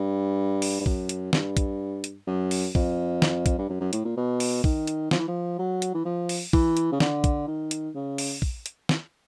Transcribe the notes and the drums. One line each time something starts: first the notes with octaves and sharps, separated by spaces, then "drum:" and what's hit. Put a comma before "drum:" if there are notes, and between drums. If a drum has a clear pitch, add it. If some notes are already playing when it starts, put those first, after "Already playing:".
Already playing: G2
drum: open hi-hat
G2
F#2, drum: kick
drum: hi-hat
G2, drum: snare
drum: kick, hi-hat
drum: hi-hat
F#2
drum: open hi-hat
F2, drum: kick
drum: snare
drum: kick, hi-hat
G2
F#2
F#2
A2, drum: hi-hat
A#2
B2
drum: open hi-hat
D#3, drum: kick
drum: hi-hat
F3, drum: snare
E3
F3
F#3
drum: hi-hat
E3
F3
drum: open hi-hat
E3, drum: kick
drum: hi-hat
C#3
D3, drum: snare
drum: kick, hi-hat
D#3
drum: hi-hat
C#3
drum: open hi-hat
drum: kick
drum: hi-hat
drum: snare